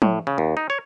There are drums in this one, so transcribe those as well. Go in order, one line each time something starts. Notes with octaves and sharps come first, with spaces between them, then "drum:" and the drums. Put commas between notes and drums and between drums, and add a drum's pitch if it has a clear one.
A2, drum: tom
C#3
D#2
D#4
C#5